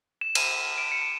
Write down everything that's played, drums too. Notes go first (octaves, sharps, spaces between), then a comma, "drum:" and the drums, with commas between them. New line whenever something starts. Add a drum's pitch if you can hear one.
E7
D#7, drum: cymbal
D7
C#7
D7